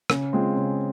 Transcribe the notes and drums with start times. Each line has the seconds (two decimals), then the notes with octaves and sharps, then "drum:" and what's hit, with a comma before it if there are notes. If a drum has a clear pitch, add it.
0.10 C#3, drum: rim click
0.33 G#3 C4 F4 G#4
0.57 C#3